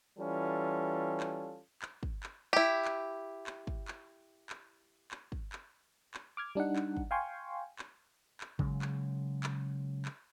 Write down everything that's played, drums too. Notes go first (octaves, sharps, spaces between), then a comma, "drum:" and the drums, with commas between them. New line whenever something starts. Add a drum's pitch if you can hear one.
E3 G3 C#4 F4 A4
drum: clap
drum: clap
drum: kick
drum: clap
E4 G4
drum: clap
drum: clap
drum: kick
drum: clap
drum: clap
drum: clap
drum: kick
drum: clap
drum: clap
D6 F6 G#6
G3 D4 D#4 F#5
drum: clap
drum: kick
F5 G5 G#5 C6 C#6
drum: clap
drum: clap
C#3 F#3 G#3, drum: kick
drum: clap
drum: clap
drum: clap